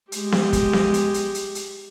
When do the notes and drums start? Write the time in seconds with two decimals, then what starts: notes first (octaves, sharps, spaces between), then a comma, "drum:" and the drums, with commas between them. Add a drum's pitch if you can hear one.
0.12 G#3 G4, drum: hi-hat
0.32 drum: snare B3
0.53 drum: kick, hi-hat
0.73 drum: snare B3
0.94 drum: hi-hat
1.14 drum: hi-hat
1.35 drum: hi-hat
1.55 drum: hi-hat